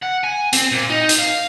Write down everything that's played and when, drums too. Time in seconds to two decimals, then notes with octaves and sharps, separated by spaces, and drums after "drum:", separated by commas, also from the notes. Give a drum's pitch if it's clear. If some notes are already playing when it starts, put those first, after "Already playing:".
0.02 F#5
0.23 G#5
0.53 C4, drum: hi-hat
0.72 A#2
0.90 D#4
1.09 drum: hi-hat
1.19 F5